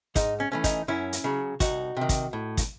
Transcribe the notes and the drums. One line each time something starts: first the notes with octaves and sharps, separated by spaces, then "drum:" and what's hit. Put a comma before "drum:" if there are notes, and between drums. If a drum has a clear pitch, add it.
G#2 D#4, drum: kick, hi-hat
C#4
E3 A3 C#4
D#4, drum: kick, hi-hat
F#2 C#4 E4
drum: hi-hat
C#3 F#3
C2 D#4 F#4, drum: kick, hi-hat
C3 D#3
drum: kick, hi-hat
A2
drum: kick, hi-hat